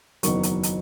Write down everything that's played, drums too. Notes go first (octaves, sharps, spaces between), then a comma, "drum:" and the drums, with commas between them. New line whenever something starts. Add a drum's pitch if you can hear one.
F#1 E2 D#3 F#3 C#6, drum: hi-hat
drum: hi-hat
drum: hi-hat